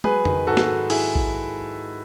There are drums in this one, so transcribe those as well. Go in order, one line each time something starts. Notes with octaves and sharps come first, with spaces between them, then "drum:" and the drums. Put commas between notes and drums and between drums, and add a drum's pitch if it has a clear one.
F#3 G#4 B4, drum: tom
D#3, drum: tom F2
G#2 F#4 A4
drum: snare
G#2
E4 G#4, drum: open hi-hat
drum: kick A1